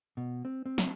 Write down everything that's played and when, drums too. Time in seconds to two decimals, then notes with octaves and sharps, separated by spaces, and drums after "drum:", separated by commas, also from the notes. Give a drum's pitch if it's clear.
0.17 B2
0.45 C4
0.66 C4
0.78 drum: snare